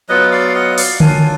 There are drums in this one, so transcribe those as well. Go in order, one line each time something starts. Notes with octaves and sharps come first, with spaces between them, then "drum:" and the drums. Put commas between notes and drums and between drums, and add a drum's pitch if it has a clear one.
F#3 B3 F4 B4 D#5
D5 F5
F5
D#5 F#5
D5 F5, drum: open hi-hat
F#3 D4 F4 F5 G#5, drum: tom D3